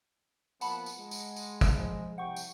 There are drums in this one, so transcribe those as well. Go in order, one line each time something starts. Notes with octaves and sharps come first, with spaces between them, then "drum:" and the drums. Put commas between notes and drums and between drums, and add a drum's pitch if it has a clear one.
F3 A#3 B3 F#5 A5 B5, drum: tambourine
drum: tambourine
G#3
drum: tambourine
drum: tambourine
drum: kick, tambourine
F3
C2 C3 F#5 G5 C#6
drum: tambourine